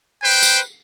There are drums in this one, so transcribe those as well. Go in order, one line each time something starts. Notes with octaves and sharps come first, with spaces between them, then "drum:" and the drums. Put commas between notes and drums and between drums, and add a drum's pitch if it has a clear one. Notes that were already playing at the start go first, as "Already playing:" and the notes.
B4 C5 G5
drum: tambourine